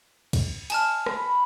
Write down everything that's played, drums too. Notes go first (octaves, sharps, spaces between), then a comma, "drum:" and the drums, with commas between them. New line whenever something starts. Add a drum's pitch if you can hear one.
drum: kick, cymbal
D#5 G#5 A5 F6, drum: cymbal
drum: rim click
B5